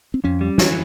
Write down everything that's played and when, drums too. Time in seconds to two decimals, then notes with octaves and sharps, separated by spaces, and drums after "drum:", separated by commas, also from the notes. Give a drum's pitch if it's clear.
0.14 C4
0.24 F2 C#4
0.41 G3
0.58 E3, drum: snare